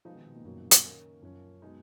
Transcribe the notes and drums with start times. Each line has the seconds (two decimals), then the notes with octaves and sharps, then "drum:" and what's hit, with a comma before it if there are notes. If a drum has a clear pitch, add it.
0.05 B2 F3 G#3 B3 D#4
0.15 D#3
0.26 B2
0.35 A#2
0.44 F#2 C#3 F#3 A#3 D#4
0.71 drum: hi-hat
0.84 D#3 A#3 C#4
1.22 F#2 F3 A#3 C#4
1.62 B2 G#3 D#4